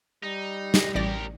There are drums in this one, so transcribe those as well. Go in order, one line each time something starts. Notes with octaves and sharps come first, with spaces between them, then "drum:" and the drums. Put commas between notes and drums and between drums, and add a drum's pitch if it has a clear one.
G3 D#4
drum: snare
A1 G4 A#4 D5 A#6